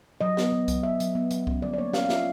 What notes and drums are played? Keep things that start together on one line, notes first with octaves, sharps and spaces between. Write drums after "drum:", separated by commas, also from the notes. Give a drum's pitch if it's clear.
F#3 D#5
B3, drum: snare
B3
F#3, drum: kick C2, hi-hat
B3 E5
F#3, drum: hi-hat
B3
F#3, drum: hi-hat
C#4, drum: kick C2
G3 D5, drum: tom
D5
A#3 C#5
C#4 F5, drum: snare
F5
F4 E5, drum: snare